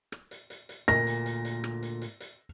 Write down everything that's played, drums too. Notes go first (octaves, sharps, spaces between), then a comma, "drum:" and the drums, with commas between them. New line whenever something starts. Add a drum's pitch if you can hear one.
drum: rim click
drum: hi-hat
drum: hi-hat
drum: hi-hat
D2 A#2 A#6, drum: rim click
drum: hi-hat
drum: hi-hat
drum: hi-hat
drum: rim click
drum: hi-hat
drum: hi-hat
drum: hi-hat